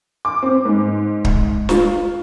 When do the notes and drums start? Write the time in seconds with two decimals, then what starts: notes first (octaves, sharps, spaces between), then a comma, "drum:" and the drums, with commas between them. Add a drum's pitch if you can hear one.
0.25 D6
0.43 C4
0.65 G#2
1.25 drum: kick
1.69 F4, drum: snare